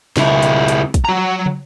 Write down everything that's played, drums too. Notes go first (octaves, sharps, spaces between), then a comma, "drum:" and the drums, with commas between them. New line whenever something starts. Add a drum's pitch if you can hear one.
C#2 E4, drum: snare
drum: hi-hat
drum: hi-hat
drum: kick, hi-hat
F#3 A#5
drum: tom